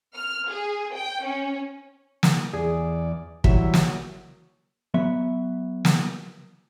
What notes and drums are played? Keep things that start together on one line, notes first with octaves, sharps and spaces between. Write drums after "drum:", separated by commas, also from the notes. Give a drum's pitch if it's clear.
F6
G#4
G5
C#4
drum: snare
E2 G#4 D5
E3 F#3 G3 E4 E5, drum: kick
drum: snare
F#3 B3 E5
drum: snare